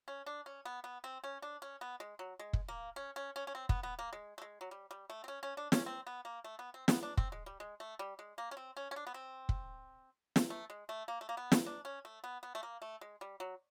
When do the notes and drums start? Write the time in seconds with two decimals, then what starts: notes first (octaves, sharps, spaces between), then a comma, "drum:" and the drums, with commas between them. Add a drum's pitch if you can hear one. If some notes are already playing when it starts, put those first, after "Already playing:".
0.08 C#4
0.26 D4
0.46 C#4
0.65 B3
0.84 B3
1.04 C4
1.24 C#4
1.42 D4
1.62 C#4
1.81 B3
2.00 G#3
2.19 F#3
2.39 G#3
2.53 drum: kick
2.68 A#3
2.96 C#4
3.16 C#4
3.36 C#4
3.47 C#4
3.55 C4
3.69 B3, drum: kick
3.83 B3
3.99 A#3
4.13 G#3
4.38 A3
4.42 G#3
4.61 F#3
4.71 G3
4.91 G3
5.10 A3
5.24 C4
5.28 C#4
5.43 C#4
5.57 D4
5.72 C#4, drum: snare
5.86 C4
6.07 B3
6.25 A#3
6.44 A3
6.59 B3
6.74 C4
6.88 B3, drum: snare
7.03 D4
7.17 C4, drum: kick
7.32 G#3
7.46 G3
7.60 G#3
7.80 A3
7.99 G3
8.19 G#3
8.38 A#3
8.51 C#4
8.57 C4
8.77 C#4
8.91 C#4
8.96 D4
9.07 B3
9.14 C4
9.49 drum: kick
10.36 drum: snare
10.50 A3
10.70 G#3
10.89 A3
11.08 A#3
11.21 A3
11.29 A#3
11.37 B3
11.52 drum: snare
11.66 D4
11.85 C#4
12.05 A3
12.24 B3
12.43 B3
12.55 A3
12.63 A#3
12.82 A3
13.01 G#3
13.21 G3
13.40 F#3